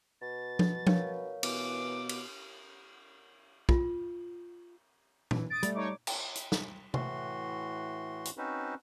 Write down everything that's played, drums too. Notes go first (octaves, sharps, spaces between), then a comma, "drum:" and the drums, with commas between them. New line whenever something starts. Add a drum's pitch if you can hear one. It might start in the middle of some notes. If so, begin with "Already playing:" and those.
B2 A6
drum: tom F3
A#4 C#5 F5, drum: tom F3
B2 E3 D6, drum: cymbal
drum: cymbal
F4, drum: kick
E3, drum: tom A#2
D#6 A6 D7
G3 A3, drum: hi-hat
A3 D#4 C#5 D6
drum: cymbal
drum: hi-hat
drum: snare
A2 E3 F#4 C6, drum: tom C3
drum: hi-hat
C4 C#4 D#4 F#4 B4 C5